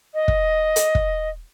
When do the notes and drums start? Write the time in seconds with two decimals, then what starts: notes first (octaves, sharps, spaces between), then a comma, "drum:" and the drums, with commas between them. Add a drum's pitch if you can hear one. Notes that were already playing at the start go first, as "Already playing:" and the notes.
0.14 D#5
0.28 drum: kick
0.76 drum: hi-hat
0.95 drum: kick